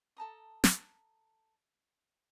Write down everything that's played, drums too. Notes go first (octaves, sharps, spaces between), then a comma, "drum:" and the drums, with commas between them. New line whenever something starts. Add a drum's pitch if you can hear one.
A4 A5 A#5 D#6
drum: snare